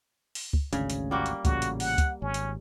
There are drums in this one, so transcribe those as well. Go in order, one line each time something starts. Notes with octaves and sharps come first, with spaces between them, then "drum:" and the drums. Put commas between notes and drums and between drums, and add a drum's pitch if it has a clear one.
drum: open hi-hat
drum: kick C#2
G#1 D2 C#3 D4, drum: hi-hat
drum: hi-hat
G3 A#3 F#4
drum: hi-hat
A1 A#2 C#3 F#4, drum: kick C#2, hi-hat
drum: hi-hat
F#5, drum: open hi-hat
drum: kick C#2, hi-hat
G#1 C#4
drum: hi-hat